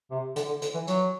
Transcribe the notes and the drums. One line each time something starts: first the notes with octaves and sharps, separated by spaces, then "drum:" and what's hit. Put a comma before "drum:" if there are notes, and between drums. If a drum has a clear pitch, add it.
C3
D3, drum: hi-hat
D3
D3, drum: hi-hat
E3
F#3, drum: hi-hat